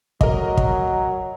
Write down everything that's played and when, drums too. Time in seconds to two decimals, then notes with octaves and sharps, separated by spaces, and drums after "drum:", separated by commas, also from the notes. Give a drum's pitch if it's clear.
0.21 F#3 A#4 D#5, drum: kick
0.57 drum: kick